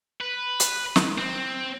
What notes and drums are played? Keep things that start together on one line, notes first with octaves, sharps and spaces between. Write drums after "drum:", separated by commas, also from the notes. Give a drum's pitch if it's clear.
B4
drum: hi-hat
drum: snare
C4